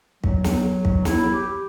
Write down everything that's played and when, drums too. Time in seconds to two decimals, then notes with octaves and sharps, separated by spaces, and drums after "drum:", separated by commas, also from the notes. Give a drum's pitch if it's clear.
0.24 F#3, drum: kick
0.44 drum: snare
0.85 drum: kick
1.05 E4, drum: snare
1.32 G4